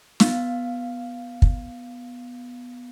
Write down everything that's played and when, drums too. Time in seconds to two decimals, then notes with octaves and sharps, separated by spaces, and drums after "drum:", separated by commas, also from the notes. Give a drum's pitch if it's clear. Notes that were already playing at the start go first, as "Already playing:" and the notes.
0.20 B3 F5, drum: snare
1.42 drum: kick